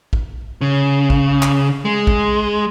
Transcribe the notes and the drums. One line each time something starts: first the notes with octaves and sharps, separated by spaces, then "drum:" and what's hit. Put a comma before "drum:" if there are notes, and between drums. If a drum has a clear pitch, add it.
drum: kick
C#3
drum: kick
drum: clap
G#3
drum: kick